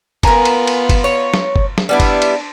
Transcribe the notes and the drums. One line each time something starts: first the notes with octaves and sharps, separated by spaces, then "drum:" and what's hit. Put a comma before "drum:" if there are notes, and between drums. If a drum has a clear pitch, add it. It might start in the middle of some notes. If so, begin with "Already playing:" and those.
B3 F4 A#4 G#5 A#5, drum: kick F#1, cymbal
drum: cymbal
drum: cymbal
drum: kick F#1, cymbal
C#5
drum: snare
drum: kick F#1
drum: snare
G3 B3 D4 E4
drum: kick F#1, cymbal
drum: cymbal